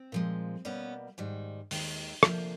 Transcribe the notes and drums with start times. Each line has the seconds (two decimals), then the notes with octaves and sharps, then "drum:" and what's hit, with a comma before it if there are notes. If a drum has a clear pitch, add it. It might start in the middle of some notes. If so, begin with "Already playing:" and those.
Already playing: C4
0.12 A#2 F3 G#3
0.65 B2 G3 A#3 B3 C#4
1.18 G#2 D#3 G3
1.71 D#2 D#3 G#3, drum: open hi-hat
2.23 D2 C3 F3 A#3, drum: rim click